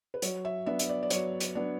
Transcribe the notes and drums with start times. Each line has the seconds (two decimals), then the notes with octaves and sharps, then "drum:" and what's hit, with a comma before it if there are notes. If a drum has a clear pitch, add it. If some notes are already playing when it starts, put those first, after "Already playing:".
0.14 B4
0.22 F#3 C#5, drum: hi-hat
0.45 E5
0.66 B3 D4 E5
0.79 E5, drum: hi-hat
0.89 D5
1.03 D5
1.10 F#3 C#5, drum: hi-hat
1.40 drum: hi-hat
1.55 B3 D4